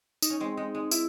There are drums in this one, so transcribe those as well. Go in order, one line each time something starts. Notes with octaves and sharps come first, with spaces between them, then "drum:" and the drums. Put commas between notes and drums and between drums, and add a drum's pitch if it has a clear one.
D#4, drum: tambourine
C#4
G#3 C4
G#3 D#4
G#3
E4, drum: tambourine